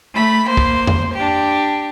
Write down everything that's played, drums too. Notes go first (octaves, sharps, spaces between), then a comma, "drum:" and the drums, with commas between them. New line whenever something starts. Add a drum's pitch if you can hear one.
A3 B5
A#3 C5
drum: kick
drum: tom F2
D4 G4